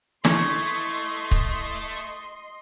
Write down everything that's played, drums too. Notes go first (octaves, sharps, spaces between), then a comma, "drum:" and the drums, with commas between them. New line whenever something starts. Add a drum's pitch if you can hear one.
E3 A3 D#5 C6 C#6 G#6, drum: snare
drum: kick C#1